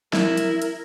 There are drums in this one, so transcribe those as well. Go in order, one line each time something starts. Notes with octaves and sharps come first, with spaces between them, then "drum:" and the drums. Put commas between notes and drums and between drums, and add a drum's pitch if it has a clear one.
E4 A#4, drum: snare
drum: hi-hat
drum: hi-hat